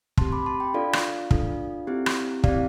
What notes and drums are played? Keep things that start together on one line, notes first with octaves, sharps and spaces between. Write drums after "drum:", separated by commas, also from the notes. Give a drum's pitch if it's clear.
C4 G4 A5 C6, drum: kick
B5 D6
A5 C6
G5 B5
D4 F4 A4 D5 F5
drum: rim click
D4 F4 A4, drum: kick
C4 E4 G4
drum: rim click
C4 E4 G4 D5 F5, drum: kick